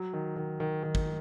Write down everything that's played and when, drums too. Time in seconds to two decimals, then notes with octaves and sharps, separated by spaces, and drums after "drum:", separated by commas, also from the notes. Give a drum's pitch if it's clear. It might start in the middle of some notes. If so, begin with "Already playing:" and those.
Already playing: F#3
0.13 D#3
0.36 D#3
0.60 D#3
0.83 D#3
0.95 drum: kick